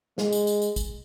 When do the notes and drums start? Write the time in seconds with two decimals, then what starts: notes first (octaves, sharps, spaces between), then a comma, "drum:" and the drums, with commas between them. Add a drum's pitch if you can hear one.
0.18 G#3, drum: snare
0.32 drum: tambourine
0.47 drum: tambourine
0.62 drum: tambourine
0.76 drum: kick, tambourine